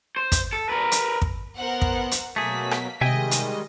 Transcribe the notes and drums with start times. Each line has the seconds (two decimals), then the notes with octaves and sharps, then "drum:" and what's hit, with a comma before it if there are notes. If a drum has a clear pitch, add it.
0.16 C5
0.32 drum: kick, hi-hat
0.53 A4
0.69 A#4 B4
0.92 drum: hi-hat
1.22 drum: kick
1.56 B3 A#4 C5 F#5
1.81 drum: kick
2.11 drum: hi-hat
2.36 B2 F#3 A3 A#3 G#4 B6
2.71 drum: rim click
3.01 C3 D#3 G3 G#3 D#5 E5 G5 G#5
3.31 drum: hi-hat